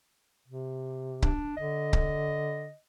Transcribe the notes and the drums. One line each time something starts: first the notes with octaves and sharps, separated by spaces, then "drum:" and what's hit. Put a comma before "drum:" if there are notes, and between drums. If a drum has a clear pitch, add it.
C3
D4, drum: kick C#1
D3 D#5
drum: kick C#1